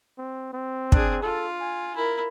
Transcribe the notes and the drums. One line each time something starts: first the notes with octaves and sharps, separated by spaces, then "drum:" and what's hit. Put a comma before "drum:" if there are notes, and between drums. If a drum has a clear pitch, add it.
C4
C4
D4 G#4, drum: kick
F4 A4
G#5
E4 A#4